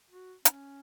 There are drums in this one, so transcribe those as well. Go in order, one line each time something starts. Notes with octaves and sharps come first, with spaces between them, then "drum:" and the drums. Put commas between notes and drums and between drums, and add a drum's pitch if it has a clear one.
F#4
C#4, drum: hi-hat